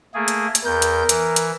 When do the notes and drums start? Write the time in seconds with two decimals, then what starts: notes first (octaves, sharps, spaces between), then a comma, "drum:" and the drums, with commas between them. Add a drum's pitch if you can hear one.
0.14 A3 A#3 G#4
0.28 drum: hi-hat
0.55 drum: hi-hat
0.65 E2 A#4 G6
0.82 drum: hi-hat
1.09 E3, drum: hi-hat
1.36 drum: hi-hat